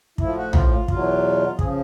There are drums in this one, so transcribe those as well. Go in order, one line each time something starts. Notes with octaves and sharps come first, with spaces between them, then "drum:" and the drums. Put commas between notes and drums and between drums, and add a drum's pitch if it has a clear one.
A2 F3 E4, drum: kick
F4
F#4
F4, drum: tom
E2 B2 F#3 F4, drum: kick
C#3 F3 G#4, drum: kick